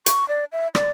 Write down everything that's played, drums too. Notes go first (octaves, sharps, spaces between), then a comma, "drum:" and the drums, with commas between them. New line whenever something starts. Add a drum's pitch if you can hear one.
C#6, drum: hi-hat
D5
E5
D5, drum: rim click